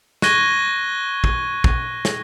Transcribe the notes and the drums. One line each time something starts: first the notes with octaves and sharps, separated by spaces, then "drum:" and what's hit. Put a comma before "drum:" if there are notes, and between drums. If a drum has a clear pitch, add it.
C#6 F#6 G#6 A#6 D#7 G7, drum: snare
drum: kick
drum: kick
drum: snare